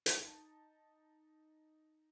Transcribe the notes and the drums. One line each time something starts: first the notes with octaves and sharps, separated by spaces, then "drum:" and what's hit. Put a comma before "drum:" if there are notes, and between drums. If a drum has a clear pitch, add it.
D#4 A5, drum: hi-hat